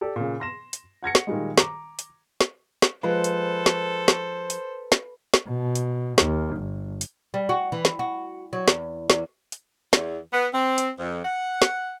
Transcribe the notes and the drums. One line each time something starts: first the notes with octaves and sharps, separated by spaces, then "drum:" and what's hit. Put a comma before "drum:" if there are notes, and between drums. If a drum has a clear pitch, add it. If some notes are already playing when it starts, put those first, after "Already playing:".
G4 A4 D5
A#2 C#3
C6 A#6 E7
drum: hi-hat
F#5 G#6 A#6 C#7
drum: snare
A#2 D#3 G3 G#3
A#5 D6, drum: snare
drum: hi-hat
drum: snare
drum: snare
F3 G#3 A4 B4 C5
drum: hi-hat
drum: snare
drum: snare
drum: hi-hat
drum: snare
drum: snare
B2
drum: hi-hat
D#2, drum: snare
G1
drum: hi-hat
G3
F#4
E3
drum: snare
F#4
F#3
E2, drum: snare
E2, drum: snare
drum: hi-hat
E2, drum: snare
B3
C4
drum: hi-hat
F2
F#5
drum: snare